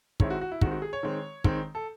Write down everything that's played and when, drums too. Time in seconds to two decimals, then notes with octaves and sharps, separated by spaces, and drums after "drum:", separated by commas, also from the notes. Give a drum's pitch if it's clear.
0.20 D#3 G#3 C4 E4 C#5, drum: kick
0.30 F#4
0.41 F#4
0.51 E4
0.61 D#3 G#3 C4 F#4, drum: kick
0.71 F#4
0.82 G#4
0.93 C#5
1.03 D#3 G#3 C4
1.44 D#3 G#3 C4, drum: kick
1.75 A4